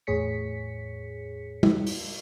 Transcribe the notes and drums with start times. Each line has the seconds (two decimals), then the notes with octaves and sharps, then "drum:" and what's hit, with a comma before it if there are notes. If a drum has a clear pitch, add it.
0.07 E2 A2 G#4 C#5 B6 C#7
1.63 drum: tom G3
1.87 drum: open hi-hat